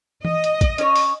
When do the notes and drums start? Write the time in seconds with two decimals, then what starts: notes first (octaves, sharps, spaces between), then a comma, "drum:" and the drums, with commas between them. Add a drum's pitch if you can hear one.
0.25 D#5, drum: tom E3
0.44 drum: hi-hat
0.61 drum: kick, hi-hat
0.78 C#4 C#5, drum: hi-hat
0.96 drum: open hi-hat